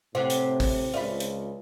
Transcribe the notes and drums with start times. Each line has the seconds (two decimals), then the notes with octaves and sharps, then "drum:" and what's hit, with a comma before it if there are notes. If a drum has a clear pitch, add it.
0.15 A2 C3 C5 F#5
0.30 drum: hi-hat
0.60 drum: kick, open hi-hat
0.94 C#2 F4 B4 D5 E5
1.20 drum: hi-hat